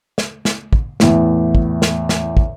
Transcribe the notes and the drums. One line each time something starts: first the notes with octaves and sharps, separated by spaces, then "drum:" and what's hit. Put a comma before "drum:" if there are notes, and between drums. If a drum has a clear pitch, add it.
drum: snare
drum: snare
drum: kick
E2 A2, drum: snare
drum: kick
drum: snare
drum: snare
drum: kick